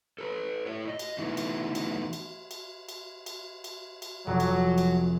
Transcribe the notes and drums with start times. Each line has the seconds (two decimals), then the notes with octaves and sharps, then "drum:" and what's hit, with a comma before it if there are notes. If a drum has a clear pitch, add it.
0.18 A4 B4
0.65 A3 E4 C#5
0.88 D#5
0.99 drum: cymbal
1.18 E3 A3 B3 D#4 E4
1.37 drum: cymbal
1.75 drum: cymbal
2.13 drum: cymbal
2.51 drum: cymbal
2.89 drum: cymbal
3.26 drum: cymbal
3.64 drum: cymbal
4.02 drum: cymbal
4.27 F1 F#3
4.40 drum: cymbal
4.78 drum: cymbal